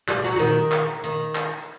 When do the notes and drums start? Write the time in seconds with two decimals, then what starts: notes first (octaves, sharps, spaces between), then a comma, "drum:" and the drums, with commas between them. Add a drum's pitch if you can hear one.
0.08 G3, drum: clap
0.24 F#3
0.36 F#3
0.39 D#3
0.72 drum: clap
1.04 D#3, drum: hi-hat
1.35 drum: clap